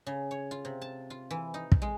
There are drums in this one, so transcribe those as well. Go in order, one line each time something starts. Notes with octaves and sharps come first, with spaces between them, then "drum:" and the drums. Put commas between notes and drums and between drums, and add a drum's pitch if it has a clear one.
C#3
C#5
F4
C3
A5
F4
E3
D#4
drum: kick
G#3